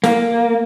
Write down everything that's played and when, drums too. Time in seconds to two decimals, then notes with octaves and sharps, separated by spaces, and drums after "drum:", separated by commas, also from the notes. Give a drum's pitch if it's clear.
0.04 A#3, drum: snare